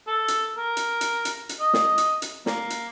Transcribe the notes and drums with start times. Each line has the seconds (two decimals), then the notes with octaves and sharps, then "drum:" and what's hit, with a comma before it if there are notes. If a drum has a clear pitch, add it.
0.07 A4
0.28 drum: hi-hat
0.57 A#4
0.77 drum: hi-hat
1.01 drum: hi-hat
1.25 drum: hi-hat
1.49 drum: hi-hat
1.60 D#5
1.73 drum: snare
1.98 drum: hi-hat
2.22 drum: hi-hat
2.46 A#3, drum: snare
2.70 drum: hi-hat